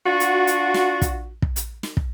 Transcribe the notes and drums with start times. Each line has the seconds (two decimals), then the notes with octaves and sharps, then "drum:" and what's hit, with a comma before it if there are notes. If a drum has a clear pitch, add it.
0.06 D4 F4 F#4
0.20 drum: hi-hat
0.47 drum: hi-hat
0.74 drum: snare
1.02 drum: kick, hi-hat
1.42 drum: kick
1.56 drum: hi-hat
1.83 drum: snare
1.97 drum: kick